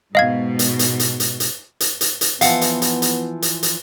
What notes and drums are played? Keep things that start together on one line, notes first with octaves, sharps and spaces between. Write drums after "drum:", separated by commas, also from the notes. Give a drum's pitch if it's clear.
G#2 B2 D#5 F5 G#6
drum: hi-hat
drum: hi-hat
drum: hi-hat
drum: hi-hat
drum: hi-hat
drum: hi-hat
drum: hi-hat
drum: hi-hat
E3 F3 B3 F5 F#5, drum: hi-hat
drum: hi-hat
drum: hi-hat
drum: hi-hat
drum: hi-hat
drum: hi-hat